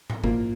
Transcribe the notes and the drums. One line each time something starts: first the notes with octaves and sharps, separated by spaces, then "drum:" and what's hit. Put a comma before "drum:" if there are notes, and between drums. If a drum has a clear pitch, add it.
drum: tom G#2
A#2 F3 A#3, drum: kick F#1